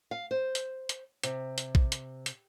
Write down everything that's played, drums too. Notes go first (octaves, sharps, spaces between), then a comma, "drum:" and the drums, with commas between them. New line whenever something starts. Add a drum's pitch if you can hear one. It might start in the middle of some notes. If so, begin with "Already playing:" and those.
F5
C5
drum: hi-hat
drum: hi-hat
C3, drum: hi-hat
drum: hi-hat
drum: kick A#1
drum: hi-hat
drum: hi-hat